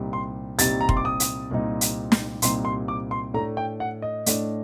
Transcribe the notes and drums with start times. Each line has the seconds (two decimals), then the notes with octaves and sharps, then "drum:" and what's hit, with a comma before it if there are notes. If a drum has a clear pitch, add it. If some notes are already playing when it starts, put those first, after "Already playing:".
Already playing: C2 A#2 G3 C4 D#4
0.13 C6
0.59 C2 A#2 G3 C4 D#4 A6, drum: hi-hat
0.81 A#5
0.89 C6, drum: kick
0.97 D6
1.05 D#6
1.20 drum: hi-hat
1.50 C2 A#2 G3 C4 D#4
1.81 drum: hi-hat
2.12 drum: snare
2.42 C2 A#2 G3 C4 D#4 C6, drum: hi-hat
2.65 C6
2.88 D6
3.11 C6
3.34 A2 A3 D4 A#5
3.57 G5
3.80 F#5
4.02 D#5
4.26 A2 A3 D4, drum: hi-hat